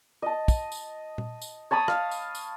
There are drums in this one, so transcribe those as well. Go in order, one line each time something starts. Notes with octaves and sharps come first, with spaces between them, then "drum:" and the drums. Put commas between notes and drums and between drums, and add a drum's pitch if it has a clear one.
D#5 A5
drum: kick, tambourine
drum: tambourine
drum: tom A#2
drum: tambourine
C#5 A5 B5 D#6
F5, drum: rim click
drum: tambourine
drum: tambourine